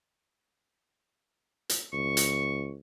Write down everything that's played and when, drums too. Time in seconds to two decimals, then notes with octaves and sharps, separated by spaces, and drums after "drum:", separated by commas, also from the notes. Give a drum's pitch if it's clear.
1.69 drum: hi-hat
1.93 C#2 C#6
2.17 drum: hi-hat